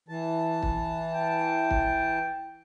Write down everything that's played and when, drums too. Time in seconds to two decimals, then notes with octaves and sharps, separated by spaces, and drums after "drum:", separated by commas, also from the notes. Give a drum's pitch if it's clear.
0.09 E3 A5
0.63 drum: kick
1.13 G5
1.71 drum: kick